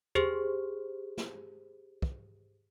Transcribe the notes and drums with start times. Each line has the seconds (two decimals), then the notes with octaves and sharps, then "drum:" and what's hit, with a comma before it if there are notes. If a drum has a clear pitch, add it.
0.15 G4 G#4 C5, drum: tom
1.18 drum: snare
2.02 drum: kick